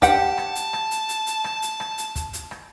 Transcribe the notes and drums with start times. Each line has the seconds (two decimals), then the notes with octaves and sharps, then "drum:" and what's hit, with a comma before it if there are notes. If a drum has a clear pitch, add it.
0.02 G4 F#5 A5, drum: kick, hi-hat
0.38 drum: rim click
0.55 drum: hi-hat
0.73 drum: rim click
0.91 drum: hi-hat
1.09 drum: hi-hat
1.27 drum: hi-hat
1.44 drum: rim click
1.62 drum: hi-hat
1.80 drum: rim click
1.98 drum: hi-hat
2.15 drum: kick, hi-hat
2.33 drum: hi-hat
2.51 drum: rim click